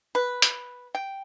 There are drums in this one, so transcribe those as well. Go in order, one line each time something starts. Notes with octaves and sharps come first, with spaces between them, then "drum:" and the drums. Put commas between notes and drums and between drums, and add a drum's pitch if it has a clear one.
B4
drum: hi-hat
G5